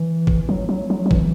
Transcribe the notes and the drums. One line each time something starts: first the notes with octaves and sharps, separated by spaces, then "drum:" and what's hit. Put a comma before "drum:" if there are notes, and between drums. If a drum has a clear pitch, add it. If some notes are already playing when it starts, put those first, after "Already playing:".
Already playing: E3
drum: kick G1
F#3
F#3
F#3
F#3
E3, drum: kick G1